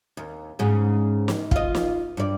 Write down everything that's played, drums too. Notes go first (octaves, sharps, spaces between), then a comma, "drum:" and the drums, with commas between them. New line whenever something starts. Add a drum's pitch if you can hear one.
D#2
G#2 C#3
drum: snare
F4 D#5, drum: kick
drum: snare
G2 D5